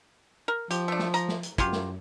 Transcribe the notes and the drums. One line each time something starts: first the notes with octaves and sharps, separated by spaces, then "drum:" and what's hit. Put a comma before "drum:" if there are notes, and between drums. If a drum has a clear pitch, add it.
A#4
F3 G4, drum: hi-hat
A3 D4
drum: snare
A#5, drum: hi-hat
drum: snare
drum: hi-hat
F#2 F#3 F4 G4, drum: kick, hi-hat
drum: snare